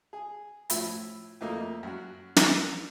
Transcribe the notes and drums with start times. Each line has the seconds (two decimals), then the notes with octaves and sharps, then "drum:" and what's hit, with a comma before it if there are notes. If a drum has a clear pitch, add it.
0.13 G#4
0.70 A2 F3 E5 B5, drum: hi-hat
1.41 F2 A3 A#3 D#5
1.83 F#2 F#4
2.36 drum: snare